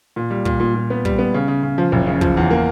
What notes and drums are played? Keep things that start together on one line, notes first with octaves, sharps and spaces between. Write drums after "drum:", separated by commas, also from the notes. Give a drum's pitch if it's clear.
A#2
G3
A#2, drum: kick
A#2
A#2
B3
G3, drum: kick
B3
C#3
C#3
C#3
F3
F#1
C#3
F3, drum: kick
E2
A#3